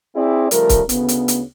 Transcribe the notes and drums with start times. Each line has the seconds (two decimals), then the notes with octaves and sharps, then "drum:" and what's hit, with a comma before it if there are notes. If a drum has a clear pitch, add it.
0.16 C4 E4 G#4 D5
0.51 C#3 F3 G3 A3 A#4, drum: hi-hat
0.69 drum: kick C#1, hi-hat
0.89 D2 C#3 B3, drum: hi-hat
1.08 drum: hi-hat
1.28 drum: hi-hat